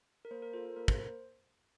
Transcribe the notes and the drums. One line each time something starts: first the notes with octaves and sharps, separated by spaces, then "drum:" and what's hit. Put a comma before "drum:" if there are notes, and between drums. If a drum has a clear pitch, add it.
A#4
A#3 C5
A#4
F4 A4 C5
A#4
A#3 A#4
C5, drum: kick